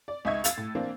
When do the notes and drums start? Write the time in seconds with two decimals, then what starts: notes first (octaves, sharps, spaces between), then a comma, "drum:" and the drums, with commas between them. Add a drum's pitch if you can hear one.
0.08 D5
0.25 C#2 D#4 D#5 E5 C#6 G#6
0.44 F5 E6 A6, drum: hi-hat
0.58 A2
0.75 E3 A#3 C4 D4